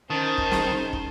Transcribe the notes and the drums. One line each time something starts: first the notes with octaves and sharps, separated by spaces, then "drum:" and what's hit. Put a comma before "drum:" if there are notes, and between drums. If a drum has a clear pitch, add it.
D#3 C#4 C5 A5
drum: kick
drum: snare
drum: kick